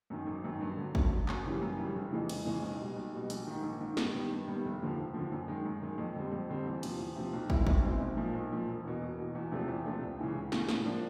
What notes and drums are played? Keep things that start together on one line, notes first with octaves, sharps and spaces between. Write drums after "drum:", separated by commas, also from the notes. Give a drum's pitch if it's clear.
F#2 D#3
G#1
F#2 D#3
G2
D3 F#3
G2, drum: kick
D3 F#3
F#2, drum: clap
C#3 E3 G3
F#2
C#3 E3 G3
F1
F2 C#3 E3 G#3
F1, drum: cymbal
F2 C#3 E3 G#3
B1
B2 G3
B1
B2 G3
A#1, drum: hi-hat
G#2 D#3
A#1
G#2 D#3
G2, drum: snare
D#3 G3 B3
G2
D#3 G3 B3
F1
D#2 D3 F3
F1
D#2 D3 F3
F#2
D#3 G#3
F#2
D#3 G#3
F2
D3 G3 C4
F2
D3 G3 C4
E2
C3 F3, drum: cymbal
E2
C3 F3
B1
B2 G#3 C4 E4, drum: kick
B1, drum: kick
B2 G#3 C4 E4
B1
A#2 F3
B1
A#2 F3
E1
E2 B2
E1
E2 B2
E2
C3 F3 A3 D4
E2
C3 F3 A3 D4
C#2
C#3 E3 G#3
C#2
C#3 E3 G#3, drum: snare
A2, drum: snare
F3 A#3 D4